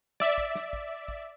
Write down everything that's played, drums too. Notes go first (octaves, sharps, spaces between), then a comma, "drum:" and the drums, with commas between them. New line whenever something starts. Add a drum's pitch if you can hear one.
D5 E5, drum: snare
drum: kick
drum: snare
drum: kick
drum: kick